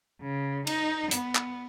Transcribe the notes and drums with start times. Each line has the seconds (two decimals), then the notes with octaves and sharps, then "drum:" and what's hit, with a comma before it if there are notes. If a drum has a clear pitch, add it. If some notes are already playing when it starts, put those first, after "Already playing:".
0.21 C#3
0.67 D#4, drum: cymbal
1.11 B3, drum: hi-hat
1.35 drum: clap